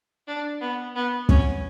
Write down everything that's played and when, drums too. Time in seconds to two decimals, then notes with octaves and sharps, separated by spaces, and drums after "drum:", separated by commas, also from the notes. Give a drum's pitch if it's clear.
0.27 D4
0.61 B3
0.95 B3
1.29 C#4, drum: kick